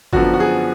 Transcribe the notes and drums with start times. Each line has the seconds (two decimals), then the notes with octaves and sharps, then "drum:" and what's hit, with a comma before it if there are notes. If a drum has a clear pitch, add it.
0.13 F#2 D3 F3 B3 F#4, drum: kick G1
0.34 F#4
0.40 G#4